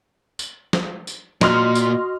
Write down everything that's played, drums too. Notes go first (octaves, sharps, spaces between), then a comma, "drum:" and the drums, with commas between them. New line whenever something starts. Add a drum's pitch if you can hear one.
drum: tambourine
drum: snare
drum: tambourine
A#2 F#4 D#5 C6 F6, drum: snare
drum: tambourine